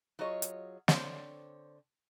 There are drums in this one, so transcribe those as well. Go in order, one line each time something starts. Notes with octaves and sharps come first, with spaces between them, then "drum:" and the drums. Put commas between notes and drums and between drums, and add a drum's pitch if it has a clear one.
F#3 F4 G#4 C#5 D#5
drum: hi-hat
D3 C4 C5 C#5, drum: snare